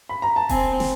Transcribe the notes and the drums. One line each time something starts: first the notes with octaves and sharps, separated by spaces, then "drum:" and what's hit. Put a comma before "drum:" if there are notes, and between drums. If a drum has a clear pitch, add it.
B5
A#5
A5
C4 G#5, drum: kick E1, open hi-hat
drum: snare